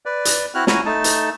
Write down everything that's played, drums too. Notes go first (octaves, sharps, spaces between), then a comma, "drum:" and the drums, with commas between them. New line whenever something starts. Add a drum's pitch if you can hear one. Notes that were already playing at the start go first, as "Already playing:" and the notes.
B4 D5
drum: hi-hat
C4 E4 F#4 F6 F#6
C#4 E4 F#4 G#5 A#5, drum: snare
A3 D#4 A5
drum: hi-hat